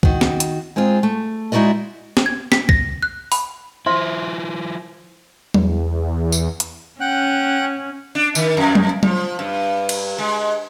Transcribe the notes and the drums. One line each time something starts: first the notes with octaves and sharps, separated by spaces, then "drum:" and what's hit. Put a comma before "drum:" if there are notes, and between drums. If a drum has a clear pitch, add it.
D#3 F#4, drum: kick C#2
drum: snare
drum: hi-hat
G#3 C4 D#4 F4 G#4
A3
G#3 D#4 E4 F#4 D5 D#5
drum: snare
G#6
B6, drum: snare
A#6, drum: kick C#2
F#6
B5, drum: open hi-hat
F3 E4 C5 E5 C6
E2, drum: tom F#3
drum: tambourine
drum: hi-hat
C#4 F#5 G5 F#6
D4
D#3, drum: tambourine
F2
drum: tom F#3
F3, drum: tom F#3
G2
drum: cymbal
G#3